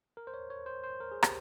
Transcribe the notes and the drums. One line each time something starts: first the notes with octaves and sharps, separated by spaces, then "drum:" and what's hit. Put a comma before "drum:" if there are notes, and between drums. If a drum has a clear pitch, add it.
A#4
C5
C#5
C#5
C5
C5
A#4
G#4
G4, drum: rim click